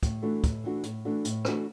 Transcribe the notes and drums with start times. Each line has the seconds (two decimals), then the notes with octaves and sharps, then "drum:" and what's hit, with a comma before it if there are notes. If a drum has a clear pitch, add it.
0.03 A2, drum: kick, hi-hat
0.22 E3 A3 D4 F#4
0.44 A2, drum: kick, hi-hat
0.64 E3 A3 D4 F#4
0.83 A2, drum: hi-hat
1.05 E3 A3 D4 F#4
1.25 A2, drum: hi-hat
1.45 E3 A3 D4 F#4, drum: rim click